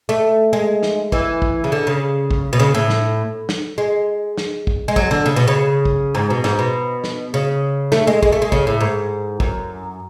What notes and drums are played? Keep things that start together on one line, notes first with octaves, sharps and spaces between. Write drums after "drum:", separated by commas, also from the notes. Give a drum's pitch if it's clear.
A3
G#3
drum: snare
E3, drum: kick
drum: kick
C#3
D3
C#3
drum: kick
B2
C#3
A2
drum: snare
drum: snare
G#3
drum: snare
drum: kick
G#3
F#3, drum: kick
D3
C#3
B2
C#3
drum: kick
G#2
B2
G#2, drum: snare
B2
drum: snare
C#3
A3, drum: snare
G#3
G#3, drum: kick
A3
G#3
C#3, drum: kick
A2
G#2
F#2, drum: kick